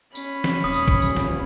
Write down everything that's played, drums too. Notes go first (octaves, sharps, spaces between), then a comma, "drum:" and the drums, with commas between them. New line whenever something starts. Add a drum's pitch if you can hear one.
C#4 B5, drum: tambourine
drum: snare
D#1 D#6
drum: tambourine
drum: kick
drum: tambourine
drum: snare